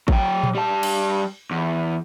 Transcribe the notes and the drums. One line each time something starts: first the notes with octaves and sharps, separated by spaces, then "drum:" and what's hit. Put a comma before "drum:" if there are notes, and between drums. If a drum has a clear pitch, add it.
F#3 G5, drum: kick
drum: tom A#2
G3 A5
drum: cymbal
E2